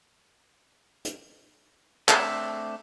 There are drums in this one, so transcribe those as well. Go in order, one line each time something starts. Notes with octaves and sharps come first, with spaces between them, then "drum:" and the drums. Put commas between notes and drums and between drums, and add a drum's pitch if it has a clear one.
drum: hi-hat
A3 C4 D4 E5, drum: clap